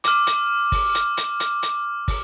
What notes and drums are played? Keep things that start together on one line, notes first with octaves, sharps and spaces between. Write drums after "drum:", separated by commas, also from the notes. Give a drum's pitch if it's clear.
D6 F6, drum: hi-hat
drum: hi-hat
drum: kick, open hi-hat
drum: hi-hat
drum: hi-hat
drum: hi-hat
drum: hi-hat
drum: kick, open hi-hat